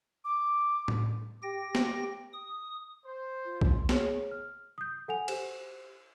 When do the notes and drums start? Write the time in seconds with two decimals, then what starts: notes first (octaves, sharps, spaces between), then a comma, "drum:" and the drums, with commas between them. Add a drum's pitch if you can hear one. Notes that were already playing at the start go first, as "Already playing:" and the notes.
0.25 D6
0.88 drum: tom A2
1.43 G4 G5 A#6
1.75 drum: snare
2.33 D#6
3.03 C5
3.44 F4
3.61 drum: kick B1
3.89 G#4 C#5, drum: snare
4.31 F6
4.78 D#6 G6
5.08 A4 F#5 G#5 F7
5.28 G4 C5 E7, drum: cymbal